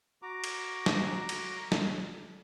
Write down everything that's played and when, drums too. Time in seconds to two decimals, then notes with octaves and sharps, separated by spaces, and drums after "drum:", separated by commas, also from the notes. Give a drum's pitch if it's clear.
0.22 F#4 A#5 D6
0.44 drum: cymbal
0.86 drum: snare
1.29 drum: cymbal
1.72 drum: snare